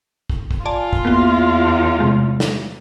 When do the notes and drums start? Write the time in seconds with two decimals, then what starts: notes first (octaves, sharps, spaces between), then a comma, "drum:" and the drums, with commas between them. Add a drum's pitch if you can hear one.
0.30 drum: kick
0.51 drum: kick
0.65 F4 D5 G#5 A5
0.93 drum: kick
1.05 E2 A#3 B3 F#4
1.98 C3 G#3 A3
2.40 drum: snare